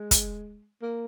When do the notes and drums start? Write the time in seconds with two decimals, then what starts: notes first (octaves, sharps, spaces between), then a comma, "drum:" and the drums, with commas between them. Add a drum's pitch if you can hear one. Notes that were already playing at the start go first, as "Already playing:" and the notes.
Already playing: G#3
0.11 drum: kick, hi-hat
0.82 A#3